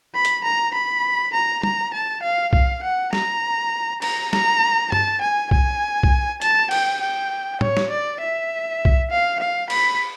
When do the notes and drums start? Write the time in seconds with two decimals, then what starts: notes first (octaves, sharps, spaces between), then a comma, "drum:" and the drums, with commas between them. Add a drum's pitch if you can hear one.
0.15 B5
0.25 drum: hi-hat
0.44 A#5
0.74 B5
1.34 A#5
1.63 A#5, drum: tom
1.93 A5
2.23 F5
2.53 F5, drum: kick C2
2.83 F#5
3.13 A#5, drum: snare
4.02 A#5, drum: cymbal
4.33 A#5, drum: snare
4.92 A5, drum: tom
5.21 G#5
5.51 G#5, drum: kick C2
6.03 drum: kick C2
6.42 A5, drum: hi-hat
6.71 G5, drum: cymbal
7.01 G5
7.61 C#5, drum: tom
7.77 drum: snare
7.90 D5
8.21 E5
8.85 drum: kick C2
9.10 F5
9.40 F5
9.70 B5, drum: cymbal